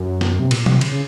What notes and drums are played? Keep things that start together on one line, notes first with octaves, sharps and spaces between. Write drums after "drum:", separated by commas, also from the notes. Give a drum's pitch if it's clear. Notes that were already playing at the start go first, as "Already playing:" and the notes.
Already playing: F#2
drum: snare
C3
A#2, drum: cymbal
C3, drum: tom
C#3, drum: cymbal
C#3